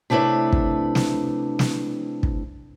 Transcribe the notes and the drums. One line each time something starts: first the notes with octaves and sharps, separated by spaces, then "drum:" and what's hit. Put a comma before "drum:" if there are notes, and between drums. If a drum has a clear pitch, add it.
C3 A3 D4 E4 B4 C#5
drum: kick
drum: snare
drum: snare
drum: kick